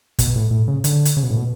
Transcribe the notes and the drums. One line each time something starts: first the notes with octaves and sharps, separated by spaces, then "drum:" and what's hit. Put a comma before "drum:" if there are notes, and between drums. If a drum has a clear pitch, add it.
B2, drum: kick, hi-hat
A2
A2
C#3
D3, drum: hi-hat
drum: hi-hat
C#3
B2
A2
B2